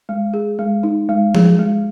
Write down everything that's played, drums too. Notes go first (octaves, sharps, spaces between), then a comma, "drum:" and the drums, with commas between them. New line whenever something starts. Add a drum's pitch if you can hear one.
G#3
G#4
G#3
D#4
G#3
G#4, drum: tom F3
G#3